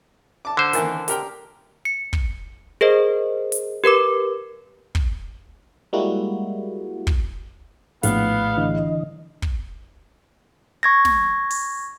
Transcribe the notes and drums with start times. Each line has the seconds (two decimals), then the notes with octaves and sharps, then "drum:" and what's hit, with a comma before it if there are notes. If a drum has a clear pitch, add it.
0.45 A5 D6
0.57 D3 C5
0.73 D#3 E3 A#3, drum: hi-hat
1.08 G4 A#4 G5, drum: hi-hat
1.85 C#7
2.13 drum: kick
2.81 G#4 A#4 C5 D#5
3.52 drum: hi-hat
3.84 G4 A#4 B4 D6
4.95 drum: kick
5.93 G3 G#3 A#3 E4 F#4
7.07 drum: kick
8.03 A#1 A2 B3 F5, drum: hi-hat
8.58 D3 E3 D#5
9.42 drum: kick
10.83 C#6 G#6 A#6
11.05 drum: snare
11.50 drum: open hi-hat